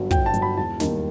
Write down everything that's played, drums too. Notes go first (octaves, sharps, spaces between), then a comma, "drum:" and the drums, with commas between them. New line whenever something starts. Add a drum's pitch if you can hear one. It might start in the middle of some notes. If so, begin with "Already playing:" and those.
Already playing: G1 G2 F#3
G1 G5, drum: kick, hi-hat
A5
G2 F#3, drum: hi-hat
B5
E1 A5
D#2 D#3 G3, drum: snare